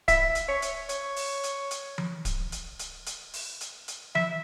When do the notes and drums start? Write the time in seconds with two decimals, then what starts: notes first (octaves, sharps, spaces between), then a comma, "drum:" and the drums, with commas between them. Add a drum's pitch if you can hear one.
0.08 E5, drum: kick D1, hi-hat
0.35 drum: hi-hat
0.48 C#5
0.62 drum: hi-hat
0.89 C#5, drum: hi-hat
1.16 drum: open hi-hat
1.44 drum: hi-hat
1.71 drum: hi-hat
1.98 drum: tom E3
2.25 drum: kick D1, hi-hat
2.52 drum: hi-hat
2.79 drum: hi-hat
3.06 drum: hi-hat
3.34 drum: open hi-hat
3.61 drum: hi-hat
3.88 drum: hi-hat
4.15 E5, drum: tom E3